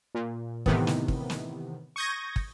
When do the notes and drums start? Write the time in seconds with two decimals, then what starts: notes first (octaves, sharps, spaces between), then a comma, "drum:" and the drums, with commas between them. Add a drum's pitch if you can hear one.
0.15 A#2
0.66 A2 C3 D#3 E3 B3, drum: kick
0.87 drum: snare
1.08 drum: kick
1.30 drum: snare
1.96 C#6 D#6 G6 G#6 A#6
2.36 drum: kick